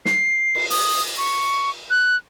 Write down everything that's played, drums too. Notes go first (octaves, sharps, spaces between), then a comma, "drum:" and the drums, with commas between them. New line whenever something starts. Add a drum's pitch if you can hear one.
C7, drum: snare
drum: cymbal
D#6, drum: open hi-hat
C#6
F#6